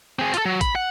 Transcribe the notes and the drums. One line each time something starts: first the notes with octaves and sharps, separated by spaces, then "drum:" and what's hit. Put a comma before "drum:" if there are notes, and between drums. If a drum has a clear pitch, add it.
C4 G#4
F4 A4, drum: hi-hat
F#3
B5, drum: kick, hi-hat
F#5